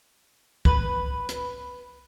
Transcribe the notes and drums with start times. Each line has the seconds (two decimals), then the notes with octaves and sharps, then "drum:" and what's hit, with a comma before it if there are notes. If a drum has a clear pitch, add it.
0.65 B4, drum: kick
1.29 drum: hi-hat